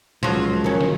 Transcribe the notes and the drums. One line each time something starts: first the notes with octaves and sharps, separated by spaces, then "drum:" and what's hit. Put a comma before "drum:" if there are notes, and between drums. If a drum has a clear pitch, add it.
C#2 F3 F#3, drum: tom A2
D#3 C#4
drum: snare